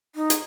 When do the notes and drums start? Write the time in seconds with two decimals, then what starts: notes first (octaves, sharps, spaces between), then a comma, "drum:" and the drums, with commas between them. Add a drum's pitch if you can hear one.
0.15 D#4
0.30 drum: hi-hat